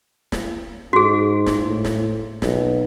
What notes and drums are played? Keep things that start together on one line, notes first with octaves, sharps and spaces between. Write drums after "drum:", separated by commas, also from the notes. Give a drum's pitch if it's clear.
drum: snare
G#2 F#4 G#4
drum: snare
A2
drum: snare
B1, drum: snare